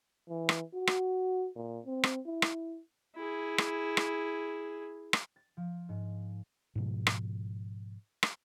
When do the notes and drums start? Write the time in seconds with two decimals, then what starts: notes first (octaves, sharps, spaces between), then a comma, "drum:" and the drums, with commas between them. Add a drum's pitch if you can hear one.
0.29 E3
0.49 drum: rim click
0.74 F#4
0.87 drum: rim click
1.56 A#2
1.86 C4
2.03 drum: rim click
2.26 E4
2.42 drum: rim click
3.16 E4 G#4
3.58 drum: rim click
3.97 drum: rim click
5.13 drum: rim click
5.36 A6
5.57 F3
5.89 G#2
6.76 G#2 B2 F3
7.07 drum: rim click
8.23 drum: rim click